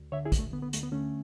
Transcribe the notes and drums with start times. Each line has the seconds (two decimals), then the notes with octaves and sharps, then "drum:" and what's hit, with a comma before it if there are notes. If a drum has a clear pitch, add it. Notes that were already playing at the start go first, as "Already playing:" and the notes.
Already playing: D2
0.12 D3 C#5 E5
0.25 E4 G#4
0.32 D2, drum: kick, hi-hat
0.39 A3
0.52 D3 B3
0.63 B3
0.73 D2 A3, drum: hi-hat
0.83 B3
0.92 D3 A3 C#4